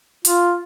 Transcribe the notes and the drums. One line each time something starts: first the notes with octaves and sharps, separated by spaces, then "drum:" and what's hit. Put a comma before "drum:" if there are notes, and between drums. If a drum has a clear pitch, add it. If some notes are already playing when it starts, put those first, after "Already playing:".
F4, drum: hi-hat